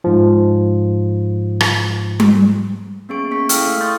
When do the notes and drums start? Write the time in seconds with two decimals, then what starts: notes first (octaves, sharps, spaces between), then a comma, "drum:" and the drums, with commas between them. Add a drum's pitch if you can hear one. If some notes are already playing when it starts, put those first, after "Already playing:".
0.04 G#2 F3
1.61 drum: rim click
2.20 drum: tom G3
3.09 A#3 B3 C#4 G#4 C#6 D7
3.31 A#3 C#4 G#4 C#6 B6
3.49 E4 A4 F5 G5 E6 F6, drum: hi-hat
3.67 A3
3.81 C6 C#6 D#6 G6 A6